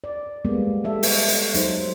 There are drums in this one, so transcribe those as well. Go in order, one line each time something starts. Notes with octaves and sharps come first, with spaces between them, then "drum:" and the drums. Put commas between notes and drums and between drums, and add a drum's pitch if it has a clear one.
D5
G3 G#3 A#3 B3
G3 A3 A4 E5
drum: open hi-hat
drum: hi-hat
F#3 D#4 C5, drum: hi-hat